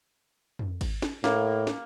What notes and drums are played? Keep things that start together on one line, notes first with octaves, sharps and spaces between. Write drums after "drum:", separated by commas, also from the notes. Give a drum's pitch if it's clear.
drum: tom F2
drum: kick G#1, cymbal
drum: snare
A2 A#3, drum: snare
drum: snare